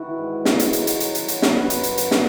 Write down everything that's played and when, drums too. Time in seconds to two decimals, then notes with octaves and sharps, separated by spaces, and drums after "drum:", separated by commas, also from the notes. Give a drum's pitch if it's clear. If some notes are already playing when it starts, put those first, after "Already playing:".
Already playing: D#3 E3 E4 F#4
0.18 G#2
0.45 G#2 A#4, drum: snare
0.60 drum: hi-hat
0.73 F#3, drum: hi-hat
0.87 drum: hi-hat
1.00 F#3, drum: hi-hat
1.15 drum: hi-hat
1.28 F#3, drum: hi-hat
1.42 drum: snare
1.56 F#2 B4
1.70 drum: hi-hat
1.83 F#2 B4, drum: hi-hat
1.98 drum: hi-hat
2.11 B2 A#4, drum: snare